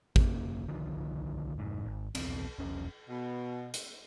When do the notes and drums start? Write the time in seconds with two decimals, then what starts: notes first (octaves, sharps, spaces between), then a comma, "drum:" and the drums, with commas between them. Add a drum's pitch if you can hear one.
0.16 F1 A#3, drum: kick
0.68 C2 D3 D#3 F3
1.58 F1 G#2
1.85 G#1
2.15 B1 E2 B2 C4, drum: cymbal
2.59 E1 B1 C#4
3.09 B2
3.74 drum: hi-hat